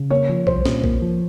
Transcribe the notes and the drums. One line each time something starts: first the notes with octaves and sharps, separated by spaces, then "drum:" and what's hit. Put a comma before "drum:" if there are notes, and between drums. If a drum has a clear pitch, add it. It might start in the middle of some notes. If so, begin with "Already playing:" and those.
Already playing: C#3
A#3 C#5
F3
C2 C5, drum: kick A#1
A#2, drum: snare
A#3, drum: kick A#1
F3